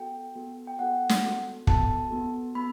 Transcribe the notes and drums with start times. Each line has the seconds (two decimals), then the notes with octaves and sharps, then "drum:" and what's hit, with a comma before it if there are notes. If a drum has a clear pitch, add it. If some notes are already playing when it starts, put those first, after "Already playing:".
Already playing: B3 F#4 A4 G5
0.36 B3 F#4 A4
0.67 G5
0.79 B3 F#4 A4 F#5
1.09 drum: snare
1.23 B3 F#4 A4
1.67 B3 F#4 A4 A5, drum: kick
2.11 B3 F#4 A4
2.55 B3 B5